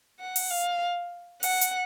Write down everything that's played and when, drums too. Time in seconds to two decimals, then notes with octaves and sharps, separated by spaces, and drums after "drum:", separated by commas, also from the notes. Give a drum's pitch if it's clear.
0.20 F#5
0.36 drum: open hi-hat
0.51 F5
1.43 F#5, drum: open hi-hat
1.61 drum: hi-hat